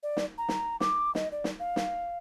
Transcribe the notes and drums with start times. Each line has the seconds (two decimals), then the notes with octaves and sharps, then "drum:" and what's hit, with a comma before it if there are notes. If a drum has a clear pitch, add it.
0.03 D5
0.17 drum: snare
0.38 A#5
0.49 drum: snare
0.80 D6, drum: snare
1.15 D#5, drum: snare
1.32 D5
1.44 drum: snare
1.59 F5
1.76 drum: snare